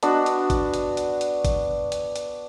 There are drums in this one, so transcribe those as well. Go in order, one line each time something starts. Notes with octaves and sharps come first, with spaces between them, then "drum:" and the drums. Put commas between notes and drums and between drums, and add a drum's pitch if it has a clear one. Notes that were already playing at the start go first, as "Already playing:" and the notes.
B3 D4 F#4, drum: hi-hat
drum: hi-hat
drum: kick A1, hi-hat
drum: hi-hat
drum: hi-hat
drum: hi-hat
drum: kick A1, hi-hat
drum: hi-hat
drum: hi-hat